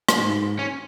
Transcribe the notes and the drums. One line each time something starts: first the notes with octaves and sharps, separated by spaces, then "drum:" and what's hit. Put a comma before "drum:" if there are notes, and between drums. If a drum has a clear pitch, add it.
drum: rim click
G#2
C#4